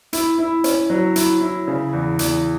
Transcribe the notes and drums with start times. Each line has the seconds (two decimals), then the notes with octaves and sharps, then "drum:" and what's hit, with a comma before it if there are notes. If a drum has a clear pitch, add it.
0.13 E4, drum: hi-hat
0.38 E4
0.64 C#4, drum: hi-hat
0.90 F#3
1.16 E4, drum: hi-hat
1.41 E4
1.68 C#3
1.93 E2
2.19 E2, drum: hi-hat